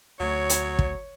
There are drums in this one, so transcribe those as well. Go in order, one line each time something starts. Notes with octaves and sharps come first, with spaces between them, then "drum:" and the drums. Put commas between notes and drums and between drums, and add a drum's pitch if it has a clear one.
D2 F#3 C#5
drum: hi-hat
drum: kick